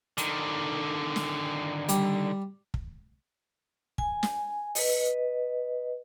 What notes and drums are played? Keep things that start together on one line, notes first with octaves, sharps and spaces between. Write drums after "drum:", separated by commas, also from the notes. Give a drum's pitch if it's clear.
D3 D#3, drum: hi-hat
drum: snare
G3, drum: hi-hat
drum: kick
G#5, drum: kick
drum: snare
B4 D#5, drum: open hi-hat